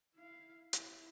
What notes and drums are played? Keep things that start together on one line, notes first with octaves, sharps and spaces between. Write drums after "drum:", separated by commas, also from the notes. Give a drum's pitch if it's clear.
E4 F5
E4, drum: hi-hat